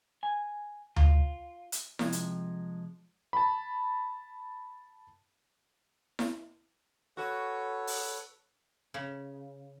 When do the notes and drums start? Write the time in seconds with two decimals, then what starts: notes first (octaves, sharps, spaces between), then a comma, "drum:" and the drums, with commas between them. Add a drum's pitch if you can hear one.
0.23 G#5
0.96 F4, drum: tom D2
1.72 drum: hi-hat
1.99 C3 F3 G#3, drum: snare E4
2.12 drum: hi-hat
3.33 A5 B5
6.19 drum: snare E4
7.17 F#4 A4 B4 C#5
7.87 drum: open hi-hat
8.94 C#3